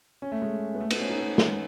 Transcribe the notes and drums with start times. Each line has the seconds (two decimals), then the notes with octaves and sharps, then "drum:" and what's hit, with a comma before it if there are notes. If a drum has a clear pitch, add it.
0.22 C#4
0.32 A3
0.42 G#3
0.74 B3
0.80 A3
0.90 B3, drum: cymbal
1.00 C#4
1.10 D#4
1.20 B3
1.38 drum: snare